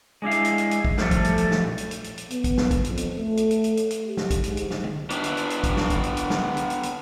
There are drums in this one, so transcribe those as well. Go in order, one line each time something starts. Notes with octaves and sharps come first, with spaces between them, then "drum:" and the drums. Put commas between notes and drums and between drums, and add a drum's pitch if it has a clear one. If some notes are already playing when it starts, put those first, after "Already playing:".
G#3 D4 E4 F5
drum: hi-hat
drum: hi-hat
drum: hi-hat
drum: hi-hat
drum: kick
F3 G3 A3 G4 A4, drum: snare
drum: kick, hi-hat
drum: hi-hat
drum: hi-hat
drum: snare
drum: tom A#2
drum: hi-hat
drum: hi-hat
drum: hi-hat
drum: hi-hat
B3, drum: hi-hat
drum: kick, hi-hat
drum: snare
drum: kick, hi-hat
F2, drum: hi-hat
drum: hi-hat
A3
drum: hi-hat
drum: hi-hat
drum: hi-hat
drum: hi-hat
drum: hi-hat
G4
drum: snare
drum: kick, hi-hat
G#2, drum: hi-hat
drum: hi-hat
drum: snare
drum: tom D3
B3 D4, drum: hi-hat
drum: hi-hat
drum: hi-hat
drum: hi-hat
drum: kick, hi-hat
drum: snare
drum: kick, hi-hat
drum: hi-hat
drum: hi-hat
drum: snare
drum: tom D3
drum: hi-hat
drum: hi-hat
drum: hi-hat